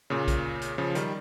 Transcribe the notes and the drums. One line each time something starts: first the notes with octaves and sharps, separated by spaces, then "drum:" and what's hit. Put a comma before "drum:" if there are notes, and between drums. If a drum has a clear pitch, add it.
A#2 C#3
drum: kick B1, hi-hat
drum: hi-hat
C#3 F3
D#3 G3, drum: hi-hat